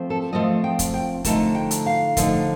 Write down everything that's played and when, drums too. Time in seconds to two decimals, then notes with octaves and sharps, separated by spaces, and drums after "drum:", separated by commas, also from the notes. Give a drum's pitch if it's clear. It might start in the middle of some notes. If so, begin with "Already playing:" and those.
Already playing: F3 A3 C4
0.10 A4
0.33 F3 A3 C4 F4 D#5
0.64 G5
0.79 drum: kick, hi-hat
0.94 G5
1.24 D3 F3 A3 D#4 A5, drum: kick, hi-hat
1.55 G5
1.71 drum: hi-hat
1.86 F5
2.17 D3 F3 A3 D#4, drum: kick, hi-hat